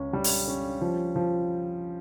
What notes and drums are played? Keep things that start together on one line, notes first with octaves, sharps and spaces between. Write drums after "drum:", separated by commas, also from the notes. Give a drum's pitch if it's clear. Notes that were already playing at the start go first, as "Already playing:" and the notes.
Already playing: C#2 C#4
G3
drum: open hi-hat
C#4
F3
F3